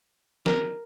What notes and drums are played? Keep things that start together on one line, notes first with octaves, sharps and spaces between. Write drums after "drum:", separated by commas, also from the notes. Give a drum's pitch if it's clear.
A#4, drum: snare